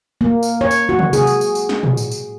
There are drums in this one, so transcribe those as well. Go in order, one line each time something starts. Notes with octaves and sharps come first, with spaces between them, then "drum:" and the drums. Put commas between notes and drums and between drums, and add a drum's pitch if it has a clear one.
A#3
drum: tambourine
C#5
drum: tambourine
F#4
drum: tom
G#4, drum: tambourine
drum: tambourine
drum: tambourine
drum: tambourine
drum: snare
drum: tom
drum: tambourine
drum: tambourine